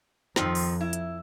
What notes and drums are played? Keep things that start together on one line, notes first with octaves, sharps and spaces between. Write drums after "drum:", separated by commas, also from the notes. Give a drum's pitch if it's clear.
F2 D#3 F3 C4, drum: snare
drum: open hi-hat
E4
drum: hi-hat